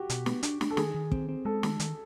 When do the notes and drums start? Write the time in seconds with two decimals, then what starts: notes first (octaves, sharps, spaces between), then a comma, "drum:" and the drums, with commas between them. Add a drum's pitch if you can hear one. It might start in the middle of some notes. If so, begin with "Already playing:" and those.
Already playing: F#4 G4
0.10 B2, drum: hi-hat
0.26 B3, drum: snare
0.43 D4, drum: hi-hat
0.61 D4, drum: snare
0.70 A4
0.77 D#3 G#4, drum: snare
0.95 D#3
1.12 C4, drum: kick
1.29 C4
1.45 G#3 A4
1.63 D#3, drum: snare
1.80 D#3, drum: hi-hat